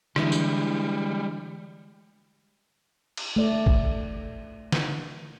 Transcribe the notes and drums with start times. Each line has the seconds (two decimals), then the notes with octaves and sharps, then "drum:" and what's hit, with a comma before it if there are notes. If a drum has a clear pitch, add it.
0.16 D3 E3 G3 G#3 E4, drum: rim click
0.32 drum: tambourine
3.17 drum: cymbal
3.36 A3 D5
3.66 drum: kick A1
4.72 drum: snare